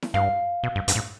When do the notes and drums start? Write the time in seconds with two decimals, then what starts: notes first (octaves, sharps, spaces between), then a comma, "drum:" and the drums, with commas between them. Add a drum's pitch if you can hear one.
0.02 drum: snare E4
0.14 G2 F5
0.63 B2
0.76 G2
0.88 G2, drum: hi-hat
0.95 A2